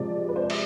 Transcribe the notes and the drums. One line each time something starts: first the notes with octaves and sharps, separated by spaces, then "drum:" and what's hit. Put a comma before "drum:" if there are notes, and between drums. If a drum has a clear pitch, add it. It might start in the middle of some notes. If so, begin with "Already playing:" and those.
Already playing: C3 F3 G#3 D5
B4
C5
D5
E5, drum: cymbal